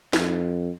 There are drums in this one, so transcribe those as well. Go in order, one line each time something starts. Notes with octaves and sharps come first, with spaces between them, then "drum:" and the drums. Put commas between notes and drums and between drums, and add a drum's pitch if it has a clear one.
F2, drum: snare